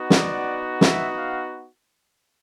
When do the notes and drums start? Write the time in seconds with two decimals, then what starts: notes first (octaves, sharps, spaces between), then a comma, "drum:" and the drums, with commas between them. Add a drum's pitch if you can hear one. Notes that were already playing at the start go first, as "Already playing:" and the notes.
Already playing: B3 D#4 F#4
0.10 D5, drum: snare
0.81 E5, drum: snare
1.17 F5